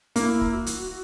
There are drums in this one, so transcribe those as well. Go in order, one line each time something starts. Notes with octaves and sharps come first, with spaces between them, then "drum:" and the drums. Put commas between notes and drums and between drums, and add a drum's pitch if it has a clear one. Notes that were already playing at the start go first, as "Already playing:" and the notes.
A#3 E4, drum: hi-hat
drum: kick
F#4
drum: hi-hat